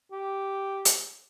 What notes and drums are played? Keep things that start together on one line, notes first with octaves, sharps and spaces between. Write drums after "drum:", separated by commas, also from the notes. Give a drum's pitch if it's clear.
G4
drum: hi-hat